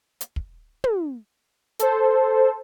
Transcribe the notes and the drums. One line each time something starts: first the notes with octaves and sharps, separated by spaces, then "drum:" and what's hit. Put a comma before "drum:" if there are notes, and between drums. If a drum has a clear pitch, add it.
drum: hi-hat
drum: kick
drum: tom
A4 C5, drum: hi-hat